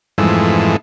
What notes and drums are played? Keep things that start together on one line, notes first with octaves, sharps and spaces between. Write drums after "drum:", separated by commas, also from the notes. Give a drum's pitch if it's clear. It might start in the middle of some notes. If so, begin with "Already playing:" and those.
F2 G#2 E3 A3, drum: tom G3